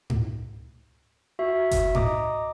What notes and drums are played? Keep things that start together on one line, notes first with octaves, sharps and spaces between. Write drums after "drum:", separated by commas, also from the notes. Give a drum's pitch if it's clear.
drum: tom G#2
F#4 E5
drum: kick F#1, hi-hat
D#5 A#5 D6 D#6, drum: tom G#2